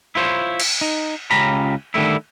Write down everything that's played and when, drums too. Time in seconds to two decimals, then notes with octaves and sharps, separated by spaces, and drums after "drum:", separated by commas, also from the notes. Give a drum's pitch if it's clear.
0.15 E4 F4 C5 C#5
0.60 drum: cymbal
0.81 D#4
1.31 C#2 C#4 F4 G4 A#5 B5
1.94 D3 D#3 G3 A3 E4